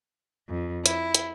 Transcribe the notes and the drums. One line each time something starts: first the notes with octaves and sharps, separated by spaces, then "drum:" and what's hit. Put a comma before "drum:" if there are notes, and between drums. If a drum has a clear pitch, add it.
F2
E4, drum: hi-hat
drum: hi-hat